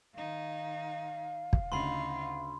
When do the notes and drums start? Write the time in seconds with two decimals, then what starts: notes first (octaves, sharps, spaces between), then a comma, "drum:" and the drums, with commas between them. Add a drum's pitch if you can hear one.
0.14 D#3 D#4 F5
1.53 drum: kick
1.72 D2 C#3 D#4 F4 B5 C6